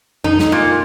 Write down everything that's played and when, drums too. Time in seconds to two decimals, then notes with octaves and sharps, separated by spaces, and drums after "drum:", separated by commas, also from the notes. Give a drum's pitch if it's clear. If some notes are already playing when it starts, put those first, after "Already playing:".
0.24 D#4, drum: tom F2
0.39 drum: snare
0.52 A#2